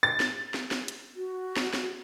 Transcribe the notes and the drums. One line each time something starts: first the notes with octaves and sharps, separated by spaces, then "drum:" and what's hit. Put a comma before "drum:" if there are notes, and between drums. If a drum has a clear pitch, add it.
A6
drum: snare
drum: snare
drum: snare
drum: hi-hat
F#4
drum: snare
drum: snare